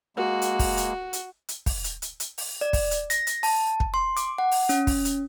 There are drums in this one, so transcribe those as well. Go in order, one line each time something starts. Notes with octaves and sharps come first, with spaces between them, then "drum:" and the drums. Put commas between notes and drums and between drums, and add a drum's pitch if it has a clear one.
G#3 A#3 F#4
drum: hi-hat
drum: kick, open hi-hat
drum: hi-hat
drum: hi-hat
drum: hi-hat
drum: kick, open hi-hat
drum: hi-hat
drum: hi-hat
drum: hi-hat
drum: open hi-hat
D5
drum: kick, open hi-hat
drum: hi-hat
A#6, drum: hi-hat
drum: hi-hat
A5, drum: open hi-hat
drum: kick
C6
D6, drum: hi-hat
F#5
drum: open hi-hat
C#4, drum: hi-hat
drum: kick, open hi-hat
drum: hi-hat